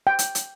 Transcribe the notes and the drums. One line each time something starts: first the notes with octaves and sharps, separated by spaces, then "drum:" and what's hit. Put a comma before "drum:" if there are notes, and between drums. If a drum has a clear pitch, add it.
G5
drum: hi-hat
drum: hi-hat